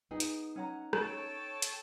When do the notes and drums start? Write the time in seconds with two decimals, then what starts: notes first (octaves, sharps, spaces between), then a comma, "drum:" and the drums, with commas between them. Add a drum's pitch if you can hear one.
0.11 B3 D#4 G#4
0.20 drum: hi-hat
0.56 C#4 F#5 A#5
0.93 A4 C#5 G5 A5, drum: rim click
1.62 drum: hi-hat